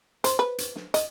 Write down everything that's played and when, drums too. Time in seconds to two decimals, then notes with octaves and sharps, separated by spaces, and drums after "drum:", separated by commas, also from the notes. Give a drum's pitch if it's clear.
0.24 C5, drum: hi-hat
0.39 B4
0.58 drum: hi-hat
0.76 drum: snare
0.94 D#5, drum: hi-hat